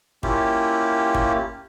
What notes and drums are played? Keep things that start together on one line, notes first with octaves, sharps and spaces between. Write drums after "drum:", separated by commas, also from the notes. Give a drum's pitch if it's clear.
A#3 C#4 E4 F4 G4, drum: kick
drum: kick